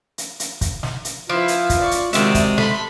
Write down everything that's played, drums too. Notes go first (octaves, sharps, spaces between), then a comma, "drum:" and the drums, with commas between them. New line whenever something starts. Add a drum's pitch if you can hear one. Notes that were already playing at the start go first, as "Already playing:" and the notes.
drum: hi-hat
drum: hi-hat
drum: kick, hi-hat
drum: snare
drum: hi-hat
F3 E4 F4 B4 F5
drum: hi-hat
drum: kick, hi-hat
D5 C#6
drum: hi-hat
C3 D#3 G#3 F#4 D5 E5, drum: hi-hat
drum: kick, hi-hat
A3 B5 C6, drum: snare